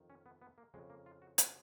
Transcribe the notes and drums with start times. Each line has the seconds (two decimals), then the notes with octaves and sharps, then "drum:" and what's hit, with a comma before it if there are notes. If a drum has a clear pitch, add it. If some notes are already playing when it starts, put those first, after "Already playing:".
Already playing: F2 D#3
0.10 C#4
0.26 B3
0.42 B3
0.58 A#3
0.74 F2 C#3 G#3
0.90 A#3
1.06 F4
1.22 F#4
1.38 F#4, drum: hi-hat